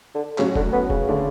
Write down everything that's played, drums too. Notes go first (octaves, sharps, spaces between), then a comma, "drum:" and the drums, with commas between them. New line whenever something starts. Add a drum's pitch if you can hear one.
D3
A2 C#3 F#3 C#4 F#4, drum: clap
D3, drum: kick E1
B3
C#3, drum: kick E1
D3 A3 D4